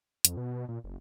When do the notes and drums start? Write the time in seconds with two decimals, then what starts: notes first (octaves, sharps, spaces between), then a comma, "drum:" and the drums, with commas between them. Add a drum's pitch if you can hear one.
0.25 F2, drum: hi-hat
0.37 B2
0.53 B2
0.69 A#2
0.84 F#1